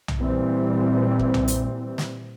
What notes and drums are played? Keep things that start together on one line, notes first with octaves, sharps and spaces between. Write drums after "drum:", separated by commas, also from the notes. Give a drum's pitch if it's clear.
drum: tom B1
A#2 E3 G3 C4
drum: kick
drum: tom B1
drum: hi-hat
drum: snare